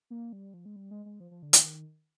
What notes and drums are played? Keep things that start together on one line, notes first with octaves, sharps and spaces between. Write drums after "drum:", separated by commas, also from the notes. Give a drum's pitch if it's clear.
A#3
G3
F3
G#3
G3
G#3
G#3
F3
F3
D3
D#3, drum: hi-hat
D#3